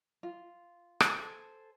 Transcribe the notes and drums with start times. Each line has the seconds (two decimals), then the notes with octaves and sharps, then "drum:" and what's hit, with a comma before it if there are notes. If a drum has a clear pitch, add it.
0.23 F4
1.00 A4 C5 G#5, drum: rim click